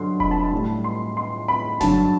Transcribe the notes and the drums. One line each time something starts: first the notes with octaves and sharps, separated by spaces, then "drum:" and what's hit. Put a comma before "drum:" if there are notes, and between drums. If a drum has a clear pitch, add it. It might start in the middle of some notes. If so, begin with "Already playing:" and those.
Already playing: G2 D3 F#3 C6
B5, drum: kick E1
A5
B5
A2 G3
C6
C6
B5
G2 D3 F#3 A5, drum: snare F#1